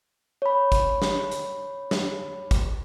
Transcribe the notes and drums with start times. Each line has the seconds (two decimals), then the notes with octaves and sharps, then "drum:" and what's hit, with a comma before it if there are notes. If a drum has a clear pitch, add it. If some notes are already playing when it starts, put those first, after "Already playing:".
0.42 C#5 B5
0.72 drum: kick, hi-hat
1.02 drum: snare
1.32 drum: hi-hat
1.91 drum: snare
2.51 drum: kick, hi-hat